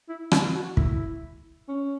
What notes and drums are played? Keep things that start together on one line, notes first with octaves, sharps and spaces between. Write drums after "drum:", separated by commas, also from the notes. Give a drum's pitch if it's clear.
E4
E4, drum: rim click
F#4
E4, drum: kick
C#4